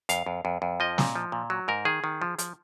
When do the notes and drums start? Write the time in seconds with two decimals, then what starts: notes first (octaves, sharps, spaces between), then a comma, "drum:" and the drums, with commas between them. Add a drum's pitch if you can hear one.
0.09 F2 F5, drum: hi-hat
0.26 F2
0.45 F2
0.62 F2
0.80 F3 D#5
0.98 A#2, drum: snare
1.16 F3
1.32 A#2
1.50 F#3
1.68 G#2 A#4
1.85 D#3 G#4
2.04 D#3
2.22 F3
2.38 F3, drum: hi-hat